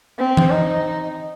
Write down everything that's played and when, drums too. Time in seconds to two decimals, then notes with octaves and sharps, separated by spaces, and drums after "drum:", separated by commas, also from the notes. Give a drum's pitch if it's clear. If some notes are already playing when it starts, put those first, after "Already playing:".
0.19 C4
0.37 drum: tom E3
0.50 D#4